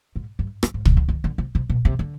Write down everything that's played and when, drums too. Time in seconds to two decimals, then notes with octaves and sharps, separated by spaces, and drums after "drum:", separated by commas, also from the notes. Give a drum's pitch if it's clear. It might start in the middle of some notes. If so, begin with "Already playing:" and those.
0.16 G#2
0.39 G2
0.63 F2, drum: rim click
0.74 G#2
0.85 B2, drum: kick
0.97 D3
1.08 D#3
1.24 D3
1.38 C3
1.55 C3
1.70 B2
1.85 C3
1.99 D3